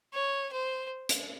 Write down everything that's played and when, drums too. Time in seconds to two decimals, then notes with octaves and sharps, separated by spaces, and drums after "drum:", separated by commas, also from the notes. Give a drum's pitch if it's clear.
0.14 C#5
0.52 C5
1.09 drum: hi-hat